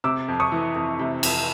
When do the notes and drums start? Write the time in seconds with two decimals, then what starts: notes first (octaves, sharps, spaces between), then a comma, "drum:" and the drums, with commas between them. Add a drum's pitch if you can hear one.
0.04 C3 D6 E6
0.28 F2
0.40 C#6 D#6
0.52 E3
0.76 F2
0.99 C3
1.23 F2, drum: cymbal